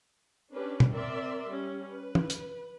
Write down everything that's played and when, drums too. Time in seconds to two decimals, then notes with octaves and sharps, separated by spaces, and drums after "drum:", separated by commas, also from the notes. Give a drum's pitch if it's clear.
0.53 C#4 D4 G4 B4
0.80 drum: tom
0.92 C4 A#4 D5 E5 C6
1.46 G3 C#4
1.90 B4
2.15 drum: tom
2.30 drum: hi-hat